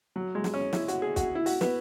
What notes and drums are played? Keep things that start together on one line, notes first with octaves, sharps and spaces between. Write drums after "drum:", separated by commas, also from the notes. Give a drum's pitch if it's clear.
F#3
G#3
drum: snare
C#4
E4, drum: snare
F#4, drum: hi-hat
G#4
F#4, drum: kick, hi-hat
E4
F#4, drum: open hi-hat
B3, drum: snare